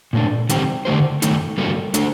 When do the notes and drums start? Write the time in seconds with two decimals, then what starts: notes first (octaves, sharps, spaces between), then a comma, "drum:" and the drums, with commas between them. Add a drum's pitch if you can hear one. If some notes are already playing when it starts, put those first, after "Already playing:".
0.13 A#2 A3 D4
0.49 D#3 G3 C4 G4, drum: hi-hat
0.85 D3 A3 D4 G4 C5
1.22 D#3 A3 D#4 A4, drum: hi-hat
1.58 D3 G3 A#3 F#4 A4
1.94 A3 D4 A4, drum: hi-hat